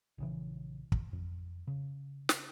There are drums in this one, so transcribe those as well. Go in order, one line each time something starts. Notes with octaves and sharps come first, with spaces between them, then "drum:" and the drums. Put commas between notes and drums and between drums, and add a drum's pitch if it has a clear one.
A#1 C#3 E3
drum: kick
F2
C#3
drum: snare